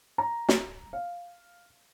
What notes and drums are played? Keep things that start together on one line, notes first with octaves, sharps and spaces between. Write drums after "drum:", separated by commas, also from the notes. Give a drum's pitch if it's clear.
A#5
drum: snare
F5